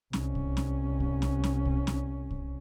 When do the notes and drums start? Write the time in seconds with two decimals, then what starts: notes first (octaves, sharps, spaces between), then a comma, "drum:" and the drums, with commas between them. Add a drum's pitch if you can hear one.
0.13 C2 C#4, drum: snare
0.35 drum: kick
0.57 drum: snare
1.00 drum: kick
1.22 drum: snare
1.44 drum: snare
1.65 drum: kick
1.87 drum: snare
2.30 drum: kick